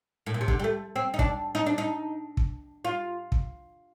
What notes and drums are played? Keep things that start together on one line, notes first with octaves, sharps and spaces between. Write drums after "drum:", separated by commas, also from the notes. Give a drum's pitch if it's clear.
A2
A#2
C3
D3, drum: kick
G3
A3
C4
D#4
D4, drum: kick
D#4
D4
D#4
drum: kick
F4
drum: kick